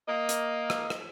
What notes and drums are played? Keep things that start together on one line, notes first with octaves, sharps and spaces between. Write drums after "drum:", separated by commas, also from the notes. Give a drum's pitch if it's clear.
A#3 D#5
drum: hi-hat
drum: rim click
drum: rim click